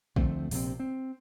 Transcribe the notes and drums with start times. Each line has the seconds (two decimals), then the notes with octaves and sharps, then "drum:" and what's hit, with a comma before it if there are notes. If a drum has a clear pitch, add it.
0.16 D2 F3 A3 C4, drum: kick
0.51 A#1 C3 D#3 C4, drum: open hi-hat
0.80 C4